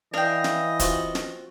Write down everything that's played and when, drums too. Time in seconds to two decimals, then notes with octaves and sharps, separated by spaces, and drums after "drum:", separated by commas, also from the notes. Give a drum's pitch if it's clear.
0.14 E3 D4 D#5 F5 G5
0.44 drum: snare
0.79 C4 F4 F#4, drum: kick, hi-hat
1.15 drum: snare